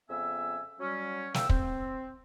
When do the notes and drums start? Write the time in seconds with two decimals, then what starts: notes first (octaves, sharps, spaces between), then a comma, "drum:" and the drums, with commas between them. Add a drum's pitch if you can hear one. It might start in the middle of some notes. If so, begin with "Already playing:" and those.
0.10 F2 C#3 B3 E5 G#5 E6
0.80 F#3 G3 C#4
1.34 E2 B3 F5 G5 E6, drum: snare
1.49 C4, drum: kick